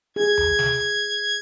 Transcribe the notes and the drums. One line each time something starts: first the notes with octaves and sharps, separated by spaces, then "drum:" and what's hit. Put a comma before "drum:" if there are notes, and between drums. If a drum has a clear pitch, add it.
G#4 G#6
drum: tom D#2
drum: snare